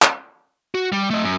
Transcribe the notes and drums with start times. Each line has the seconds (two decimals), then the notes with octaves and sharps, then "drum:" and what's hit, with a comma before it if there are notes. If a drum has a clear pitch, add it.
0.02 drum: clap
0.75 F#4
0.92 G3
1.10 A3 D#5
1.23 F#2